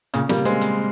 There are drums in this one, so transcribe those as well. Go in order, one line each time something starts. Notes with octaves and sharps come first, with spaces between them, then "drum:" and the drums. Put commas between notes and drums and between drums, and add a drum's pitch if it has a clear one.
A#2 C#3, drum: hi-hat
G3 A#3, drum: snare
G#3 C4, drum: hi-hat
drum: hi-hat